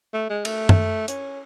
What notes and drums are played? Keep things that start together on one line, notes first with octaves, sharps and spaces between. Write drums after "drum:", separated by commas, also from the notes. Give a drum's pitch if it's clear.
A3
G#3
A3, drum: cymbal
drum: tom F#2
C#4, drum: hi-hat